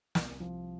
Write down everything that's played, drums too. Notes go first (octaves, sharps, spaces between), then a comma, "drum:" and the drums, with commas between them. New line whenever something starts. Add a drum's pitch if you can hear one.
C2, drum: snare
F3